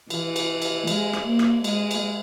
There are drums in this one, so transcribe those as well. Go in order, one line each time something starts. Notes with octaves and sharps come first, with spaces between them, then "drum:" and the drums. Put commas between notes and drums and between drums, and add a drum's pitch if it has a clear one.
E3, drum: cymbal
drum: cymbal
drum: cymbal
G#3, drum: cymbal
drum: rim click
A#3
drum: rim click
G#3, drum: cymbal
drum: cymbal